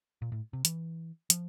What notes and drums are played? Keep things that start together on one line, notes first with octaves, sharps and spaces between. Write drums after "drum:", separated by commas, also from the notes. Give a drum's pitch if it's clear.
A#2
A2
C3
E3, drum: hi-hat
F3, drum: hi-hat